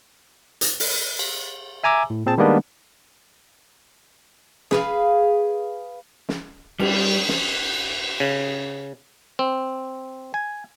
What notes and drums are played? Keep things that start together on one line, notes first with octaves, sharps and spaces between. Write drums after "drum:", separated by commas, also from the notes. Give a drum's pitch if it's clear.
drum: hi-hat
drum: open hi-hat
drum: cymbal
E5 G#5 A#5 D6 E6
A2
A#2 C4 G#4 A5
D#3 G3 G#3 A#3 B3 D4
G#4 B4 F5, drum: snare
drum: snare
G3, drum: cymbal
drum: snare
C#3
C4
G#5